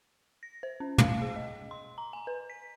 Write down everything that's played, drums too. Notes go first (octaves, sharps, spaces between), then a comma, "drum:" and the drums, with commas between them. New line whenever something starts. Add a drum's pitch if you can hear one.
A#6
C5
C#4
F5, drum: tom
G#4
D#5
C6
A#5
G#5
B4
B6